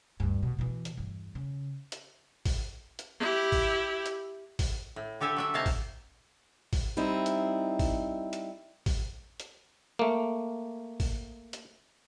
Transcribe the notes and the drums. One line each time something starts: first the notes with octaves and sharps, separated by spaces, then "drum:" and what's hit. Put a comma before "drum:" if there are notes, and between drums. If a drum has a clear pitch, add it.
D2 G2
G2 B2
B2 E3
drum: hi-hat
E2 G2
C#3
drum: hi-hat
drum: kick G#1, open hi-hat
drum: hi-hat
E4 G4
drum: kick G#1, open hi-hat
drum: hi-hat
drum: kick G#1, open hi-hat
A2
D3 G4 A4 E5 G#5
F#3 D4 E5
C3 A#3 D#4 F5 A5
drum: kick G#1, open hi-hat
drum: kick G#1, open hi-hat
G3 C4 D#4 E4
drum: hi-hat
drum: kick G#1, open hi-hat
drum: hi-hat
drum: kick G#1, open hi-hat
drum: hi-hat
A3 A#3
drum: kick G#1, open hi-hat
drum: hi-hat